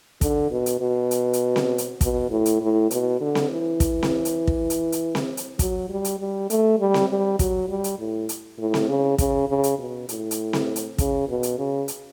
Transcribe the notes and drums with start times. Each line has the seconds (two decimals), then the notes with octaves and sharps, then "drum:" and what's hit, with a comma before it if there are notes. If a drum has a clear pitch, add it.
0.21 D3, drum: kick, hi-hat
0.51 B2
0.66 drum: hi-hat
0.81 B2
1.11 drum: hi-hat
1.33 drum: hi-hat
1.56 drum: snare C4
1.78 drum: hi-hat
2.01 B2, drum: kick, hi-hat
2.30 A2
2.46 drum: hi-hat
2.61 A2
2.91 B2, drum: hi-hat
3.21 D3
3.35 drum: snare C4
3.51 E3
3.80 drum: kick, hi-hat
4.03 drum: snare C4
4.25 drum: hi-hat
4.47 drum: kick
4.70 drum: hi-hat
4.92 drum: hi-hat
5.15 drum: snare C4
5.37 drum: hi-hat
5.59 F#3, drum: kick, hi-hat
5.89 G3
6.05 drum: hi-hat
6.20 G3
6.50 A3, drum: hi-hat
6.79 G3
6.94 drum: snare C4
7.10 G3
7.39 F#3, drum: kick, hi-hat
7.69 G3
7.84 drum: hi-hat
7.99 A2
8.29 drum: hi-hat
8.59 A2
8.74 drum: snare C4
8.89 C#3
9.18 C#3, drum: kick, hi-hat
9.49 C#3
9.63 drum: hi-hat
9.79 B2
10.09 A2, drum: hi-hat
10.31 drum: hi-hat
10.53 drum: snare C4
10.76 drum: hi-hat
10.98 C#3, drum: kick, hi-hat
11.28 B2
11.43 drum: hi-hat
11.58 C#3
11.88 drum: hi-hat